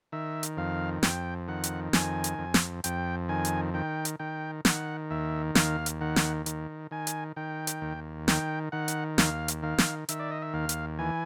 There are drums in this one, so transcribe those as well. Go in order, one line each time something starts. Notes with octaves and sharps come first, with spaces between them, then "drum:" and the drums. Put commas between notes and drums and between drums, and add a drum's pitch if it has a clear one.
D#3 E5
drum: hi-hat
F2 F5
F2 G5, drum: snare
D#3 F#5
drum: hi-hat
F2 G#5, drum: snare
drum: hi-hat
F2
drum: snare
F2 G5, drum: hi-hat
D#3 G#5
drum: hi-hat
D#3 G5
drum: hi-hat
D#3 G5
D#3 F#5, drum: snare
D#2 E5
D#2 F5, drum: snare
drum: hi-hat
D#3 F#5
drum: snare
D#3, drum: hi-hat
D#3 G#5
drum: hi-hat
D#3 G5
drum: hi-hat
D#2
D#3 G5, drum: snare
D#3 F#5
drum: hi-hat
D#2 F5, drum: snare
drum: hi-hat
D#3 F5
drum: snare
D#3 E5, drum: hi-hat
D5
D#5
E5
D#2 F5
drum: hi-hat
E3 G#5